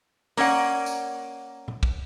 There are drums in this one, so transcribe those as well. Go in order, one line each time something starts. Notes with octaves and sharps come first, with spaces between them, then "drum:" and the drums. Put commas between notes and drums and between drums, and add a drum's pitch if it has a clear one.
A#3 C#4 D5 F#5, drum: open hi-hat
drum: tambourine
drum: tom
drum: kick